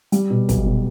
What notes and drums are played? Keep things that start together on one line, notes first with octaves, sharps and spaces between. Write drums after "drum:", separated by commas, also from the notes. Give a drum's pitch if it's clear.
G3, drum: hi-hat
B2
B1, drum: kick, hi-hat
B2